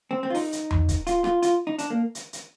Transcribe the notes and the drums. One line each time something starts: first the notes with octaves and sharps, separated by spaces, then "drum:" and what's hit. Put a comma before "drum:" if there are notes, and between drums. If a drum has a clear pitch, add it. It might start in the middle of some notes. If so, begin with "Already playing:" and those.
C4
C4
F4
D#4, drum: open hi-hat
drum: hi-hat
drum: tom E2
drum: kick, hi-hat
F4, drum: hi-hat
F4, drum: rim click
F4, drum: hi-hat
D#4
D4, drum: hi-hat
A#3
drum: hi-hat
drum: hi-hat